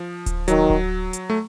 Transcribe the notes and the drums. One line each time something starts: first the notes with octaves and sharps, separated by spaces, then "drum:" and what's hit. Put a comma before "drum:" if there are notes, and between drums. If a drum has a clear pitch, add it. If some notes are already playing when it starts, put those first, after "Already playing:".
Already playing: F3
drum: kick D1, hi-hat
D#3 F#3, drum: hi-hat
drum: kick D1
drum: hi-hat
A3